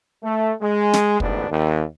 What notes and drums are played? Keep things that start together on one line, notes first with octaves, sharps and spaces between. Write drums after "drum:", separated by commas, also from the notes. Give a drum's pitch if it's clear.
A3
G#3
drum: snare
A1 D2 G#2 B3 D4, drum: kick
D#2